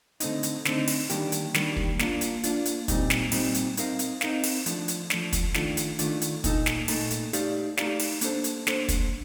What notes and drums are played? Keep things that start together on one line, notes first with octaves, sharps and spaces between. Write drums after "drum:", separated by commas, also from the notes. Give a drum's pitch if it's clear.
D3 A3 C4 D#4, drum: hi-hat
drum: hi-hat
D3 A3 C4 D#4, drum: snare
drum: open hi-hat
D#3 G3 A#3 D4 G4, drum: hi-hat
drum: hi-hat
D#3 G3 A#3 D4 G4, drum: snare
drum: kick
A#3 D4 F4, drum: snare
drum: hi-hat
A#3 D4 F4, drum: hi-hat
drum: hi-hat
A#2 G3 C4 D#4, drum: kick, hi-hat
drum: snare
A#2 G3 C4 D#4, drum: open hi-hat
drum: hi-hat
C4 D#4 A#4 F5, drum: hi-hat
drum: hi-hat
C4 D#4 A#4 F5, drum: snare
drum: open hi-hat
F3 A3 D4, drum: hi-hat
drum: hi-hat
F3 A3 D4, drum: snare
drum: kick, hi-hat
D#3 A3 D4 F4, drum: snare
drum: hi-hat
D#3 A3 D4 F4, drum: hi-hat
drum: hi-hat
A#2 A3 D#4 A4, drum: kick, hi-hat
drum: snare
A#2 A3 D#4 A4, drum: open hi-hat
drum: hi-hat
A3 D#4 G4 D5 F5, drum: hi-hat
A3 D#4 G4 D5 F5, drum: snare
drum: open hi-hat
A#3 D4 A4 C5, drum: hi-hat
drum: hi-hat
A#3 D4 A4 C5, drum: snare
drum: kick, hi-hat